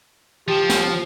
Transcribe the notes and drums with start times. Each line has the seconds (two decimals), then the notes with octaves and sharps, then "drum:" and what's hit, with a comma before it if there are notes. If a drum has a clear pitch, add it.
0.48 F3 G4
0.69 drum: snare